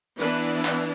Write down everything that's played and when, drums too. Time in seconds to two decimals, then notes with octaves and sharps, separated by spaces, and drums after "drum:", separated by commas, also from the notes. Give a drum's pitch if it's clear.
0.19 E3 B3 D4 B4
0.65 drum: clap